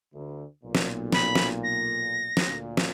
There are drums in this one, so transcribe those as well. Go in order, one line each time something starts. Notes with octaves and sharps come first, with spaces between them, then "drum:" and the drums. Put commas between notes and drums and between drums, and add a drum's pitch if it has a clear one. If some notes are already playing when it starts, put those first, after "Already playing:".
D2
B1 A#2
drum: snare
B5, drum: snare
drum: snare
A#6
drum: snare
D2 A#2
drum: snare